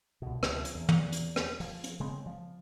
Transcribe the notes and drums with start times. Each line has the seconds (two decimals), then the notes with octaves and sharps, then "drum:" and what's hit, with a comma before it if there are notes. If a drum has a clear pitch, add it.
0.22 C2 B2
0.43 D2 C3 F3, drum: rim click
0.65 drum: hi-hat
0.75 E2
0.89 drum: tom
1.12 drum: hi-hat
1.36 drum: rim click
1.60 F3, drum: open hi-hat
1.84 drum: hi-hat
2.00 C#3 G#3 B3 C4
2.26 F3